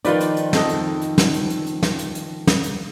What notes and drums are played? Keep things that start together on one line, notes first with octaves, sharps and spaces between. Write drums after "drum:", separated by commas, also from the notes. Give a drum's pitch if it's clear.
D#3 F3 D#4 F4 B4 D5, drum: hi-hat
drum: hi-hat
drum: hi-hat
F2 A4 D#5, drum: snare
drum: hi-hat
drum: hi-hat
drum: snare
drum: hi-hat
drum: hi-hat
drum: hi-hat
drum: snare
drum: hi-hat
drum: hi-hat
drum: snare
drum: hi-hat